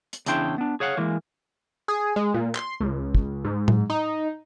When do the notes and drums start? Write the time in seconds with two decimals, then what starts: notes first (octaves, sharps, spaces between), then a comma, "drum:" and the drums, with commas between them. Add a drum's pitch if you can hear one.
0.13 drum: hi-hat
0.26 E2 C#3 D4 E4 G5 C6, drum: hi-hat
0.58 B3 D4
0.80 G#4 C#5 F5 F#5
0.97 E3 G#3 A#3
1.88 G#4
2.16 G#3
2.34 A#2
2.55 C6, drum: clap
2.80 C#2
3.15 drum: kick
3.44 G#2
3.68 drum: tom A2
3.90 D#4